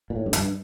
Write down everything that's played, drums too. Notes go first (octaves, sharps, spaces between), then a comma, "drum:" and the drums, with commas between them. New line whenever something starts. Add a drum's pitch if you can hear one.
A#2
A2
G2
F2, drum: hi-hat
G2